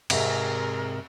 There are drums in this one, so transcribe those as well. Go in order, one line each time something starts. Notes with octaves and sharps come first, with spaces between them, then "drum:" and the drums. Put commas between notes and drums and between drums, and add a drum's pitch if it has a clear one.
G#2 C3 G#4 A#4, drum: cymbal